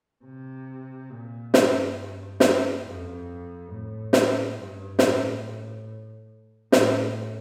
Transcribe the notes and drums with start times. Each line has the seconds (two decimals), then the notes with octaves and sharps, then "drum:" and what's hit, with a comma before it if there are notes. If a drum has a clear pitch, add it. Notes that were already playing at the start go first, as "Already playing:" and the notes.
0.24 C3
1.11 A#2
1.54 G2, drum: snare
2.40 drum: snare
2.83 F2
3.69 A2
4.13 drum: snare
4.56 G2
4.99 A2, drum: snare
6.72 A2, drum: snare